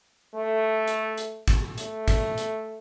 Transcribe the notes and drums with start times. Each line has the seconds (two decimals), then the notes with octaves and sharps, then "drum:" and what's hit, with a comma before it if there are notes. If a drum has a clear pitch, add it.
0.35 A3
0.88 drum: hi-hat
1.18 drum: hi-hat
1.48 drum: kick, hi-hat
1.78 A3, drum: hi-hat
2.08 drum: kick, hi-hat
2.38 drum: hi-hat